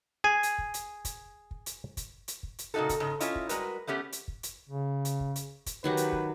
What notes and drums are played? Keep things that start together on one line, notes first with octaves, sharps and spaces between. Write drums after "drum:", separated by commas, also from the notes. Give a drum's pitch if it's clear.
G#4 G#5
drum: hi-hat
drum: kick
drum: hi-hat
drum: kick, hi-hat
drum: kick
drum: hi-hat
drum: kick, hi-hat
drum: hi-hat
drum: kick
drum: hi-hat
A#2 C#3 A#3 D#4 F#4 A4
drum: kick, hi-hat
G#2 C#3 G#3
C#4 E4 F4 C#5 D#5, drum: hi-hat
drum: kick
G3 G#3 F#4 A#4 B4, drum: hi-hat
A3 B3 C#4 G4
drum: hi-hat
drum: kick
drum: hi-hat
C#3
drum: hi-hat
drum: kick
drum: hi-hat
drum: kick, hi-hat
D#3 F#3 G4 B4 F#5
drum: hi-hat
drum: kick